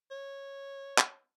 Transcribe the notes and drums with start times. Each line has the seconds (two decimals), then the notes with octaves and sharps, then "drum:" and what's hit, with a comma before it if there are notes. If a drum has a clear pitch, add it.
0.11 C#5
0.98 drum: clap